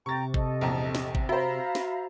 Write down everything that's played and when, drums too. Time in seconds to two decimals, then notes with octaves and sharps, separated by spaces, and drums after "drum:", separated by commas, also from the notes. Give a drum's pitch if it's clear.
0.06 C3 G5 A#5 C#6 A6
0.34 A4 D#5, drum: kick
0.61 A#1 E2 A#5
0.95 drum: snare
1.15 drum: kick
1.29 F#4 C5 E5 F5 A#5 B5
1.75 drum: snare